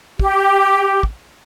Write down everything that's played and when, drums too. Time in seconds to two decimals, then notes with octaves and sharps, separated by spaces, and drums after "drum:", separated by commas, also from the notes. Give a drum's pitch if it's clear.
0.19 G4, drum: kick
1.03 drum: kick